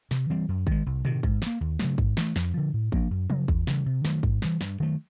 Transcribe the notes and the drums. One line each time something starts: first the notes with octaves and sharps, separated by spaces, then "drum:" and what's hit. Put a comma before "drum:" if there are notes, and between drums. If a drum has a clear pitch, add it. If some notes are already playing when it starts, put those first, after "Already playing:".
C3, drum: snare
E3 G3 C4
F#2
D#3 G#3, drum: kick
C2
C3 D#3, drum: tom
G#2, drum: kick
F3, drum: snare
A#3
D#2
C#3 F#3 A3, drum: snare
G#2, drum: kick
E3 A3, drum: snare
F2, drum: snare
D3 F3
A2
F3 A#3 D4, drum: kick
F#2
C#3 F#3, drum: tom
E2, drum: kick
C#3 E3 G3, drum: snare
C3
D#3 F#3 A3, drum: snare
G#2, drum: kick
E3 G3, drum: snare
G2, drum: snare
D#3 F#3 A3